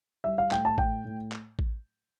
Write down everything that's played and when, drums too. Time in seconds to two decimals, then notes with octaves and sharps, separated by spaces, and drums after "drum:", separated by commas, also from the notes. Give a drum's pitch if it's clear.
0.24 G3 E5
0.38 F5
0.51 A2 G5, drum: clap
0.65 A5
0.78 A2 G5, drum: kick A1
1.05 A2
1.32 drum: clap
1.59 drum: kick A1